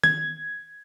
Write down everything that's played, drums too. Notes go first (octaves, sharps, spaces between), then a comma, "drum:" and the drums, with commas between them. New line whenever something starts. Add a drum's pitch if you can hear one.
G#6, drum: tom D#3